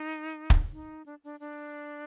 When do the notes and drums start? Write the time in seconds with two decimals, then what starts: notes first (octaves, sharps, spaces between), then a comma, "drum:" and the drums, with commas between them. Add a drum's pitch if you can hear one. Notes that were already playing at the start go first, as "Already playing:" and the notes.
Already playing: D#4
0.50 drum: kick
0.72 D#4
1.06 D4
1.24 D4
1.40 D4